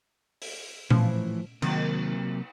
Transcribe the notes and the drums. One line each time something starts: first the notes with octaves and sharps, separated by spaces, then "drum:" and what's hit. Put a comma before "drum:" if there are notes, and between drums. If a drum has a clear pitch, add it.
drum: open hi-hat
A2 E3 F3, drum: tom A#2
C3 D#3 F#3 A#3, drum: cymbal